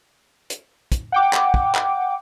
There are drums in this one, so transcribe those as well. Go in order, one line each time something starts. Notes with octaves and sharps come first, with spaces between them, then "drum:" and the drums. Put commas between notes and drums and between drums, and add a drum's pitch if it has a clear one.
drum: hi-hat
drum: kick, hi-hat
F#5 G5 D6
drum: clap
drum: kick
drum: clap